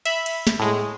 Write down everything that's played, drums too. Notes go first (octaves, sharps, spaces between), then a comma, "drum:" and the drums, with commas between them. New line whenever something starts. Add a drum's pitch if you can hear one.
E5 B5, drum: cymbal
drum: cymbal
drum: snare
A2 G#3